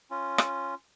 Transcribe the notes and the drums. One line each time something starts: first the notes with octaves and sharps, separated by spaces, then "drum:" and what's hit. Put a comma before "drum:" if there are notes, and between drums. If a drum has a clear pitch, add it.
C#4 F4
drum: rim click